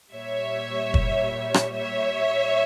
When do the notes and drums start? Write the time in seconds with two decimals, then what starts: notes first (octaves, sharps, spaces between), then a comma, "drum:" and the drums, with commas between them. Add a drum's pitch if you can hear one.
0.13 A#2 G3 C#5 E5
0.94 drum: kick
1.54 drum: rim click
1.74 C#5 E5